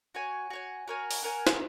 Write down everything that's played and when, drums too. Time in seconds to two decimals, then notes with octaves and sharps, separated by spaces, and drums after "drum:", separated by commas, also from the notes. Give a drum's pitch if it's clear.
0.14 F#4 C#5 G#5
0.50 F#4 C#5 G#5
0.88 F#4 A#4 C#5 G#5
1.11 drum: open hi-hat
1.22 F#4 A#4 C#5 G#5
1.47 drum: snare